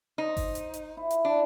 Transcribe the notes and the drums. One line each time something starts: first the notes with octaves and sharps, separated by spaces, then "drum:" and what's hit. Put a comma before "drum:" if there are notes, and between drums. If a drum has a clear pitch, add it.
D#4 C5
drum: kick G1, open hi-hat
drum: hi-hat
drum: hi-hat
E4
drum: hi-hat
D4